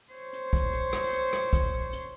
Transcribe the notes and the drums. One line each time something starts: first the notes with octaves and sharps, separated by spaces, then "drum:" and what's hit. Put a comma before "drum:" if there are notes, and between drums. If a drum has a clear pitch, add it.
C5 C#5
drum: hi-hat
drum: kick
drum: hi-hat
drum: rim click
drum: hi-hat
drum: rim click
drum: kick, hi-hat
drum: hi-hat